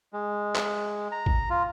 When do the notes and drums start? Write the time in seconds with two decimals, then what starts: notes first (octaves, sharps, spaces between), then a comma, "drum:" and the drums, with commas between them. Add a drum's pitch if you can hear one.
0.13 G#3
0.55 drum: clap
1.12 A#5
1.26 drum: kick
1.50 F4